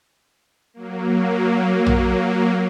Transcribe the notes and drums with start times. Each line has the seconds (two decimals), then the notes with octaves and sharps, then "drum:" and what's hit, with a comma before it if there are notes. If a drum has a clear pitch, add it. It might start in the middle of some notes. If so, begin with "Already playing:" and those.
0.74 F#3 A#3
1.86 drum: tom